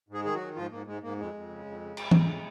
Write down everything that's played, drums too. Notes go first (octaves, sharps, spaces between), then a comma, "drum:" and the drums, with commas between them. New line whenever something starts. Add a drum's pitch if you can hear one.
G#2
G#3 G#4
D#3 G#4
F#3 F#4
D#3
G#2 F3 F4
G#2 A#3
G#2 G#3
G#2 A#3
F2 G#3
F2
C#3
F2
C#3
F2, drum: cymbal
F2, drum: tom E3
C#3